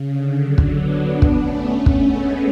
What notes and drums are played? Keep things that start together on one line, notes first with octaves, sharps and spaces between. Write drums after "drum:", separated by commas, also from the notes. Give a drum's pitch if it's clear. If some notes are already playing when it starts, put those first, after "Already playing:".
Already playing: C#3
D3
D3 F#3
drum: kick
B3 D4
drum: kick
A3 C#4
A3 C#4
drum: kick
G#3 B3